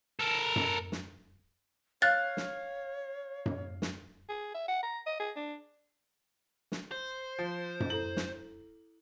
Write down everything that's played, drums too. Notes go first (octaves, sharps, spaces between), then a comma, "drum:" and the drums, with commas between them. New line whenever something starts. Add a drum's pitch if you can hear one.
A4 A#4
drum: tom F#2
drum: snare
C#5 F5 F#6 A6
drum: snare
drum: tom F#2
drum: snare
G#4
E5
F#5
A#5
D#5
G#4
D4
drum: snare
C5
F3
drum: tom F#2
E4 A4 A#5 F#7
drum: snare